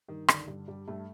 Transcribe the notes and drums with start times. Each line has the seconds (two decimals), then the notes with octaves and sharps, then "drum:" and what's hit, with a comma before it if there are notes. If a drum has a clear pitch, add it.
0.08 G2 D#3
0.28 D3 D#3, drum: rim click
0.48 G2
0.68 G2 G3
0.88 G2 A3